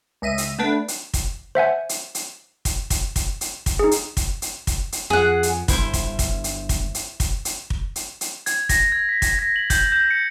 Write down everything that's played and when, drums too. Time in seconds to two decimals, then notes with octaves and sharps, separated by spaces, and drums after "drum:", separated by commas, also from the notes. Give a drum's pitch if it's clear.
0.22 C#2 D#5 E5 D#7
0.38 drum: hi-hat
0.59 A3 B3 D4 B4
0.88 drum: hi-hat
1.14 drum: kick, hi-hat
1.55 C5 E5 F#5 G#5
1.89 drum: hi-hat
2.15 drum: hi-hat
2.65 drum: kick, hi-hat
2.90 drum: kick, hi-hat
3.16 drum: kick, hi-hat
3.41 drum: hi-hat
3.66 drum: kick, hi-hat
3.79 D#4 G#4
3.91 drum: hi-hat
4.17 drum: kick, hi-hat
4.42 drum: hi-hat
4.67 drum: kick, hi-hat
4.92 drum: hi-hat
5.10 F2 G#4 F#5
5.43 drum: hi-hat
5.68 G1 E4 C5, drum: kick, hi-hat
5.93 drum: kick, hi-hat
6.19 drum: kick, hi-hat
6.44 drum: hi-hat
6.69 drum: kick, hi-hat
6.95 drum: hi-hat
7.20 drum: kick, hi-hat
7.45 drum: hi-hat
7.70 drum: kick
7.96 drum: hi-hat
8.21 drum: hi-hat
8.46 G#6, drum: hi-hat
8.69 A#6, drum: kick, hi-hat
8.92 G#6
9.09 B6
9.22 drum: kick, hi-hat
9.39 A#6
9.56 F#7
9.70 G6, drum: kick, hi-hat
9.92 G6
10.11 C#7